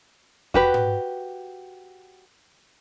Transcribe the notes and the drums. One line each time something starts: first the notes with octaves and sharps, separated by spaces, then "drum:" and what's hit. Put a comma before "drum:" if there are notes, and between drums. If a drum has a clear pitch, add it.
F#4 G4 B4, drum: kick E2
drum: tom G#2